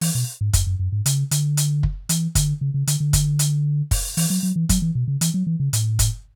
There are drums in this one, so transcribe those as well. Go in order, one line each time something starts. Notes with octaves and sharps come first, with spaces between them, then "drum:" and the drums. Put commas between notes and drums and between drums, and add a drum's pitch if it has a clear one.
E3, drum: open hi-hat
B2
G#2
F#2, drum: kick, hi-hat
F#2
F#2
G#2
C#3, drum: hi-hat
D3, drum: hi-hat
drum: hi-hat
drum: kick
E3, drum: hi-hat
D3, drum: kick, hi-hat
C#3
C#3
D3, drum: hi-hat
D3
drum: kick, hi-hat
drum: hi-hat
drum: kick, open hi-hat
E3, drum: open hi-hat
F#3
F#3
E3
F#3, drum: kick, hi-hat
E3
B2
C#3
E3, drum: hi-hat
F#3
E3
C#3
A2, drum: hi-hat
drum: kick, hi-hat